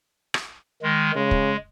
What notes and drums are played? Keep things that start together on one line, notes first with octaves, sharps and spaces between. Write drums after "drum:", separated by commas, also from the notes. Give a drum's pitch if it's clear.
drum: rim click
D#3 G#3
C#3 G#3
drum: kick